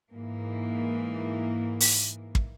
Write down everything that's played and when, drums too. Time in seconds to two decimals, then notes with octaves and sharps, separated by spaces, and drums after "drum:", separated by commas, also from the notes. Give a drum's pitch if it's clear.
0.10 G#2 E3 A#3
1.80 drum: open hi-hat
2.35 drum: kick